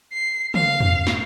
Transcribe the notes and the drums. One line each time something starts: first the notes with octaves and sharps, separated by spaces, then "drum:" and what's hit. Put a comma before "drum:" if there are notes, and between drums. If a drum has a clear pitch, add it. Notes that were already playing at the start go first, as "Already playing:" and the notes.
C7
F5, drum: tom
drum: tom E2
drum: snare